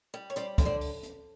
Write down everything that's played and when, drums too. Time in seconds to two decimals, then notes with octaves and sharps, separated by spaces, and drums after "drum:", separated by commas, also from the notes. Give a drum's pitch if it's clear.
0.14 G3
0.30 C#5
0.36 G3 C5 D5, drum: hi-hat
0.58 D3, drum: kick, hi-hat
0.65 C5 D5
0.81 drum: open hi-hat
1.03 drum: hi-hat